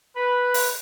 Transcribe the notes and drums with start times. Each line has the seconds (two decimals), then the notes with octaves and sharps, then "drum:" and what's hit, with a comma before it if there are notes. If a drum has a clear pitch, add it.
0.16 B4
0.54 drum: open hi-hat